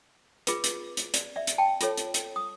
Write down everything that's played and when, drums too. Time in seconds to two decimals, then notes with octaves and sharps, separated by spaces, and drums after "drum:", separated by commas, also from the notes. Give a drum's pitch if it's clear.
0.47 F4 G#4 B4, drum: hi-hat
0.64 drum: hi-hat
0.97 drum: hi-hat
1.14 D5, drum: hi-hat
1.36 D5 E5
1.47 drum: hi-hat
1.58 G5 A5
1.81 F4 A4 C#5, drum: hi-hat
1.97 drum: hi-hat
2.14 drum: hi-hat
2.36 D#6